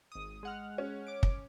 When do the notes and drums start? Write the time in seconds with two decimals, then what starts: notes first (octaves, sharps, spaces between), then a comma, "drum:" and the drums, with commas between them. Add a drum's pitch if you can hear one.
0.12 G#1 D#6
0.43 G#3 F#5 F6
0.78 C#4
1.07 D6 D7
1.23 drum: kick